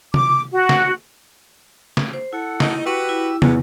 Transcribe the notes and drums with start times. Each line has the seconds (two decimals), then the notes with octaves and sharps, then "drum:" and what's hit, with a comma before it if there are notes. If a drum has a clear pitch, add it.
0.14 D6, drum: tom
0.54 F#4
0.69 drum: snare
1.97 drum: snare
2.13 C5
2.33 E4 A4 F#5
2.60 D#4, drum: snare
2.85 F#4 G4 B4 E6
3.09 E4
3.42 E2 G#2 B3 C#4, drum: tom